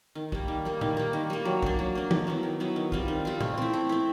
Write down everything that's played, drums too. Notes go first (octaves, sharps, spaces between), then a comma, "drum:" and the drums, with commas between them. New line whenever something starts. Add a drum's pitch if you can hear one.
D#3
G3 A#3, drum: kick
D#3
G3 A#3
D#3, drum: tom
G3 A#3
D#3
G3 A#3
F#3
A#3 D4, drum: kick
F#3
A#3 D4
D#3, drum: tom
F#3 B3 E4
D#3
F#3 B3 E4
D#3
G3 C4 F4, drum: kick
D#3
G3 C4 F4
A3, drum: tom
C4 E4
A3
C4 E4